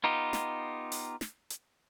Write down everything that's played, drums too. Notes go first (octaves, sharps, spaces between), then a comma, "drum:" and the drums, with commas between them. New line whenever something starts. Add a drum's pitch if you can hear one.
B3 D#4 F4 G4
drum: snare
drum: open hi-hat
drum: snare
drum: hi-hat